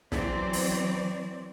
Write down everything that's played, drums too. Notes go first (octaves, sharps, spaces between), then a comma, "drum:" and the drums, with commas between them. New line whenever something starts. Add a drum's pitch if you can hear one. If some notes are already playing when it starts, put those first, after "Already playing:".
E3 F#3 C4 D5, drum: snare
drum: open hi-hat